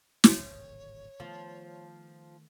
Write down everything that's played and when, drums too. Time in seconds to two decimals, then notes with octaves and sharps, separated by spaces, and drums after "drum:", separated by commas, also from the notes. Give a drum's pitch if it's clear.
0.24 D1 G#1 C3 C#5, drum: snare
1.20 D#3 F3 A3 B3